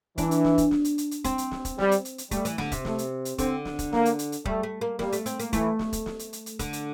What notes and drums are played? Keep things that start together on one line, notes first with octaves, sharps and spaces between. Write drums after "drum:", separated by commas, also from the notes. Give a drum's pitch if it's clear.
E3 D4, drum: kick, hi-hat
drum: hi-hat
drum: snare
drum: kick, hi-hat
drum: snare
drum: hi-hat
drum: hi-hat
drum: hi-hat
C4, drum: kick, hi-hat
drum: hi-hat
drum: snare
drum: kick, hi-hat
G3, drum: snare
drum: hi-hat
drum: hi-hat
drum: hi-hat
G3 A3, drum: kick, hi-hat
E3, drum: hi-hat
D3, drum: snare
C3, drum: kick, hi-hat
A3, drum: snare
drum: hi-hat
drum: hi-hat
D3 C4, drum: kick, hi-hat
drum: snare
drum: kick, hi-hat
A#3, drum: snare
drum: hi-hat
drum: hi-hat
drum: hi-hat
G3 A3, drum: kick
A3
A#3
G3 A#3, drum: snare
A3, drum: hi-hat
C4, drum: hi-hat
A#3, drum: hi-hat
E3 A3, drum: kick, hi-hat
drum: snare
drum: kick, hi-hat
drum: snare
drum: hi-hat
drum: hi-hat
drum: hi-hat
D3, drum: kick, hi-hat
drum: hi-hat